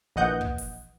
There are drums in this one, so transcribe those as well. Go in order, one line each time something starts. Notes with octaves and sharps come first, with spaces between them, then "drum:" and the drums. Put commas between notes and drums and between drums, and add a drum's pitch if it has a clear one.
A#1 E3 D#5 F#5 G6
drum: kick
drum: open hi-hat